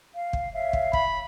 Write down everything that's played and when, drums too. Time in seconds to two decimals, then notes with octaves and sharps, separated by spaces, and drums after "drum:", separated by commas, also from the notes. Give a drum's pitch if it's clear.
0.16 F5
0.33 drum: kick
0.52 C#5 E5 F5
0.73 drum: kick
0.93 B5, drum: kick